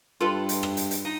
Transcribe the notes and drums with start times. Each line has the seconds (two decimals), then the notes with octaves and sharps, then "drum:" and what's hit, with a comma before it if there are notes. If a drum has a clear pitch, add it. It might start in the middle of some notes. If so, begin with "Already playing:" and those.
0.20 G2 F4 A4 B4
0.49 drum: hi-hat
0.63 drum: rim click
0.77 drum: hi-hat
0.91 drum: hi-hat
1.05 D#4